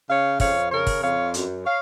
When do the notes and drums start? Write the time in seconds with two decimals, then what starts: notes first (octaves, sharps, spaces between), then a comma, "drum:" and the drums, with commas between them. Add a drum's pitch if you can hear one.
0.09 C#3 C#5 F5
0.40 F2 C#5 F5, drum: kick, open hi-hat
0.71 C#3 A#4 C#5
0.87 drum: kick, open hi-hat
1.02 F2 C#5 F5
1.34 F#2, drum: hi-hat
1.65 C#5 F5